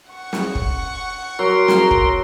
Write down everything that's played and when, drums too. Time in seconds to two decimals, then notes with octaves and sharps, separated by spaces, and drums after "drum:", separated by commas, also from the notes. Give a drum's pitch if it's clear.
0.10 F#5 C#6
0.33 drum: snare
0.55 drum: kick
1.39 F#3 A#4 C6
1.68 drum: snare
1.91 drum: kick